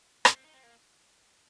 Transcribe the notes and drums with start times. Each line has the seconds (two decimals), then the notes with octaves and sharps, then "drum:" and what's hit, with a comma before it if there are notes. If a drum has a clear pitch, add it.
0.25 A#3, drum: rim click
0.34 C4
0.44 D#4
0.54 C4
0.63 A#3